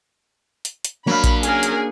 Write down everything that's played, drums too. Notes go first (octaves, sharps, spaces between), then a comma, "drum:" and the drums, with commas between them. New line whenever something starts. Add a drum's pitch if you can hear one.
drum: hi-hat
drum: hi-hat
F#3 A#3 D4 F5 B5
drum: kick A#1, hi-hat
C#4 G#4 A#4 G#5, drum: hi-hat
drum: hi-hat